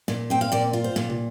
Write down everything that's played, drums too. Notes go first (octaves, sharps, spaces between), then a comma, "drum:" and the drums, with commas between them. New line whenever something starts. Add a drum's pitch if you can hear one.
A#2, drum: snare
C4 G5
F5
A#2 D5
F4
C5
A#2, drum: snare
drum: tom